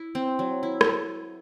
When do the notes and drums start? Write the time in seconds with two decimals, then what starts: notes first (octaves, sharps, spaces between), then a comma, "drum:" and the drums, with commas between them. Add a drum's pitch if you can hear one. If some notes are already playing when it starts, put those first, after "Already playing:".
Already playing: E4
0.15 C4
0.39 F#3
0.63 E4
0.81 drum: rim click